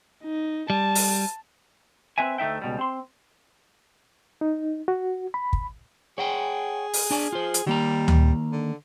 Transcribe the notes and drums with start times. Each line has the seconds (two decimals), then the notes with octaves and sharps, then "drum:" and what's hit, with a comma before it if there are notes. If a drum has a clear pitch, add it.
0.24 D#4
0.70 G3 A5
0.95 drum: open hi-hat
2.18 C4 B4 E5 G#5
2.38 D2 A3 D#4 E5 G5
2.62 C#2 B2 G3
2.79 C4 C6
4.41 D#4
4.88 F#4
5.34 B5
5.53 drum: kick
6.18 G#4 C#5 F#5 G5
6.93 drum: open hi-hat
7.11 D4 D5 G#5
7.33 F4 C5
7.54 drum: hi-hat
7.66 D#3 G3 A#3 A#5
8.08 drum: tom D2
8.52 D3